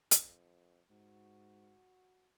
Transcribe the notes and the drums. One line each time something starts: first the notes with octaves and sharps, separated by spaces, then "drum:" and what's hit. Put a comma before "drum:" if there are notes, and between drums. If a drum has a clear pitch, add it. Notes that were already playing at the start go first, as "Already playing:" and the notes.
F2, drum: hi-hat
G#2 F#4